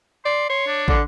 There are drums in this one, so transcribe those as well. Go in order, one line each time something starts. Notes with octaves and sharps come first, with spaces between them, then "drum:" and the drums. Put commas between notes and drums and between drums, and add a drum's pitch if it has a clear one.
D5 C6
C#5 C6
D4
D3, drum: kick